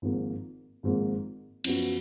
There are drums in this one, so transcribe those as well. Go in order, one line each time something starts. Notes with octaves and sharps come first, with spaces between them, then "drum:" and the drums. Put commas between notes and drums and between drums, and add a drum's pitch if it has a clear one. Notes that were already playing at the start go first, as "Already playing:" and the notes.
G#1 G#2 F3 A#3
G#1 G#2 F3 A#3
F#2 F3 B3 F#4, drum: cymbal